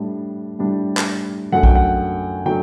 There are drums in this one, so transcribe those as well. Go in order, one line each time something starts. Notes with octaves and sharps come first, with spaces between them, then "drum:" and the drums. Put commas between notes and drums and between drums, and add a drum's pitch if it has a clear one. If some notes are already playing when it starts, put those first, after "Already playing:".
Already playing: A2 G3 D4
A2 G3 D4
drum: clap
F#2 F#3 A3 D4 F#5
G5, drum: kick
F#5
F#3 A3 D4 G5